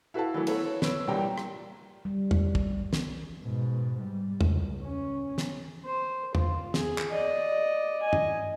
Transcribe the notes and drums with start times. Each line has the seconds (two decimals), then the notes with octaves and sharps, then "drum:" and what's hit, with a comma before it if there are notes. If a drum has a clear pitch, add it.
0.14 E4 F#4 A4 B4 F5 A5
0.34 E3 F#3 A3 B4
0.47 B3 E4 A4 C#5, drum: cymbal
0.65 C#5
0.82 B4 C#5 E6 D7, drum: snare
1.07 C2 A#2 G3 G4 G5 A#5
1.38 drum: rim click
2.05 G3
2.31 drum: tom
2.55 drum: kick
2.93 drum: snare
3.43 G#2 B2
4.00 G3
4.41 C#2, drum: tom
4.84 C#4
5.38 drum: snare
5.84 C5
6.35 F4, drum: tom
6.74 G#4, drum: snare
6.98 drum: clap
7.11 D5 D#5
8.02 D#5 G#5
8.13 drum: tom